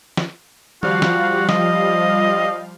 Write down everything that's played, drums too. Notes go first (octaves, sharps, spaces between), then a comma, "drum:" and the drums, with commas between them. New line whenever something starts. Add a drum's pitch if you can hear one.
drum: snare
F3 G3 F#4 F5, drum: tom D#3
drum: snare
D#5, drum: snare